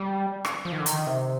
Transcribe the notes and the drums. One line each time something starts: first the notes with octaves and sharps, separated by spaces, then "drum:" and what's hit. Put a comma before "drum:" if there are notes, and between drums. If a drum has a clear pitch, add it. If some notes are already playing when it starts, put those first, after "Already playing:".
Already playing: G3
drum: rim click
F3
D#3
D3
D#3, drum: hi-hat
C3